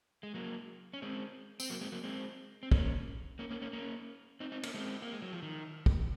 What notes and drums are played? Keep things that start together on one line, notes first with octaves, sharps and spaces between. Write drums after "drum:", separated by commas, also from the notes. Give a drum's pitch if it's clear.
G#3
F#3 A#3
C#4
G#3 C4
C4, drum: tambourine
F#3 A#3
G#3 C4
F#3 A#3
G#3 C4
C4
A#3 C#4, drum: kick
A#3 C#4
A#3 C#4
A#3 C#4
A#3 C#4
C4 D#4
C4 D#4
A#3 C#4, drum: cymbal
G#3 C4
A#3
G#3
F#3
F3
D#3
drum: kick